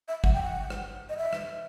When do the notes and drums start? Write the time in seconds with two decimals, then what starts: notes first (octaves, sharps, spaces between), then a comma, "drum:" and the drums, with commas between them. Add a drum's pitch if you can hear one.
0.08 E5
0.24 F#5, drum: kick G#1
0.34 G5
0.43 F#5
0.70 drum: rim click
1.09 D#5
1.17 E5
1.33 drum: rim click